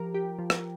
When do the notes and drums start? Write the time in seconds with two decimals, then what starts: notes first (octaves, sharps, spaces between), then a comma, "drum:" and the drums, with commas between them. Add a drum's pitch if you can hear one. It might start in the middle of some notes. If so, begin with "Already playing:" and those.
Already playing: F3 G4 A#4
0.14 G4
0.39 F3
0.50 drum: rim click